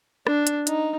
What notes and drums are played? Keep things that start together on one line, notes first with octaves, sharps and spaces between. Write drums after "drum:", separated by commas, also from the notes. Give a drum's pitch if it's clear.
D4, drum: rim click
drum: hi-hat
D#4, drum: hi-hat